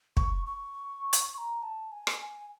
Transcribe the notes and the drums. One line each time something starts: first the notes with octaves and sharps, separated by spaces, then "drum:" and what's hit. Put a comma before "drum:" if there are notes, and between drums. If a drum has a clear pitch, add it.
C#6, drum: kick
C#6
drum: hi-hat
C#6
A#5
A5
G#5
drum: rim click
G#5